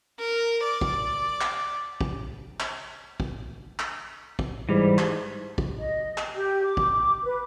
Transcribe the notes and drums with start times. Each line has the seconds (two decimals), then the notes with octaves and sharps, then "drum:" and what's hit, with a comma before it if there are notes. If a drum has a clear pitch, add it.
0.19 A#4
0.64 D5
0.81 drum: kick
1.41 drum: clap
2.01 drum: kick
2.60 drum: clap
3.20 drum: kick
3.79 drum: clap
4.39 drum: kick
4.69 G#2 E3 G3
4.98 drum: clap
5.58 drum: kick
5.77 D#5
6.18 drum: clap
6.34 G4
6.63 D6
6.77 drum: kick
7.22 B4